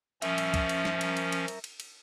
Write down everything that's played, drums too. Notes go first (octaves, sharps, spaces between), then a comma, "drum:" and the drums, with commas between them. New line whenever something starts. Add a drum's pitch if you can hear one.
F3 C#4 A#4 E5, drum: cymbal
drum: cymbal
drum: kick, cymbal
drum: cymbal
drum: snare
drum: cymbal
drum: cymbal
drum: cymbal
drum: cymbal
drum: cymbal
drum: cymbal